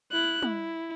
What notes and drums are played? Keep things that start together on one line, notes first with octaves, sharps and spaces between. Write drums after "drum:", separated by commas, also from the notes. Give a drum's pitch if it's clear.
E4 F#6
E4, drum: tom